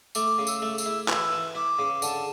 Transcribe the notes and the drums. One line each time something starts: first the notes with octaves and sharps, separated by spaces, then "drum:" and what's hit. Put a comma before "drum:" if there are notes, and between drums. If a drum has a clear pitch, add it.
A3 D6, drum: tambourine
C#3
E6, drum: tambourine
A3
D6
E6, drum: tambourine
E4
E3 E6, drum: clap
E3
E4 D6
C#3
D3 A5, drum: tambourine